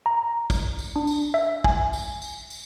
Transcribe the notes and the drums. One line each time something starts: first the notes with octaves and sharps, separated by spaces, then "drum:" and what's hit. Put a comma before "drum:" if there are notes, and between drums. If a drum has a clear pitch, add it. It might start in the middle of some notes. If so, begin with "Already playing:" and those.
A#5
drum: kick, tambourine
drum: tambourine
D4
drum: tambourine
E5
G#5, drum: kick
drum: tambourine
drum: tambourine
drum: tambourine